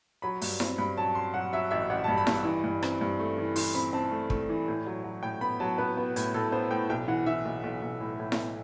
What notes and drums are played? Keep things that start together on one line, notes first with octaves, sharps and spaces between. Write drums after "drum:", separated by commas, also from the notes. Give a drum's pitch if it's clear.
F#3 B5
G2, drum: open hi-hat
C4, drum: snare E4
G2 B5
F#3 A5
F#3 C6
F#3 F#5
F#3 E5
A1 E5
A1 F#5
A5
G2
B5
G2, drum: snare E4
E3
G2
C4, drum: rim click
G2
A3
E3
E3 C6, drum: open hi-hat
C4 B5
C4 A5
A3
A3, drum: kick
E3
A2
F#3
F#3
A2 G5
B3 B5
F#3 A5
B3 B4
B3
A2, drum: hi-hat
A2 A4
B3 C5
A2 G5
B1 G5
E3 F#5
E3 E5
B1
B1
B1
A2
A2
drum: snare E4